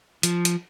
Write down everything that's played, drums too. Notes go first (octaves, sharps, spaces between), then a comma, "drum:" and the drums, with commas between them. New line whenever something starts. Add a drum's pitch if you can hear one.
F3, drum: hi-hat
drum: hi-hat